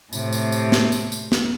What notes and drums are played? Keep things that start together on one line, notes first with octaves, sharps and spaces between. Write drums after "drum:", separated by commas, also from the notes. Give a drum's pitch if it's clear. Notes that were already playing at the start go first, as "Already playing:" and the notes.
A2 C3, drum: tambourine
drum: tambourine
drum: tambourine
drum: snare
drum: tambourine
drum: tambourine
drum: snare